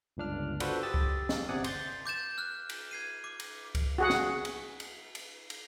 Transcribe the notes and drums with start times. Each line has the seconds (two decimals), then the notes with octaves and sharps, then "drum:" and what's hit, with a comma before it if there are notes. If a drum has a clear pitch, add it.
0.17 G1 C#2 D4 F6
0.60 D4 F4 F#4 A4 B4 C5, drum: cymbal
0.83 G4 D#6 E6 A6
0.94 drum: kick C#2
1.29 drum: snare
1.49 G1 C3 D5 F#5 G#5 D#6
1.64 C6 G6 A6, drum: cymbal
2.06 D6 G6 A6 E7
2.38 F6 F#6
2.69 drum: cymbal
2.91 G#6 C7 D#7
3.24 D6
3.40 drum: cymbal
3.75 drum: kick C#2, cymbal
3.98 F#4 G#4 F#5
4.10 drum: snare
4.45 drum: cymbal
4.80 drum: cymbal
5.15 drum: cymbal
5.50 drum: cymbal